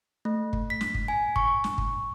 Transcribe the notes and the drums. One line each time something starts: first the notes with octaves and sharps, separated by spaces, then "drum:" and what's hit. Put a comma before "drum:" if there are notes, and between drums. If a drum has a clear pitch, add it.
A3
drum: kick
B6
drum: snare
drum: kick
G#5
C#6, drum: kick
drum: snare
drum: kick